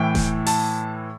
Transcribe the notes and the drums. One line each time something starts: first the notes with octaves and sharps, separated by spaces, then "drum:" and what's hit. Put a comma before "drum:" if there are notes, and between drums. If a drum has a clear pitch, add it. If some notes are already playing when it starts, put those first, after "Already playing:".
Already playing: A2 E3 G5
drum: snare D#1
A5, drum: open hi-hat